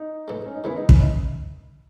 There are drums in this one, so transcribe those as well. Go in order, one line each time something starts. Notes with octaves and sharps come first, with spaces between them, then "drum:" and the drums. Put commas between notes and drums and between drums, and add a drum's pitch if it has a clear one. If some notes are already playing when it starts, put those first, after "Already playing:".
Already playing: D#4
A2 E3 G#3
C#4
D#4
D#3 E3 G#3 B3 E4
D#4
C#4, drum: kick
D#4 E4